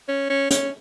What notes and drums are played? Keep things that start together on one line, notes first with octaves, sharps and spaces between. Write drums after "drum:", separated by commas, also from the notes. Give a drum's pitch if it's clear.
C#4
C#4
C#4, drum: hi-hat